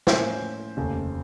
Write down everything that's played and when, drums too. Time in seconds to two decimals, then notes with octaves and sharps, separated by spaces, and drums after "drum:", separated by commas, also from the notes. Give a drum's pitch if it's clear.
0.07 A2 F3 A#3 C#4 C5, drum: snare
0.77 F1 D#2 C#3 A3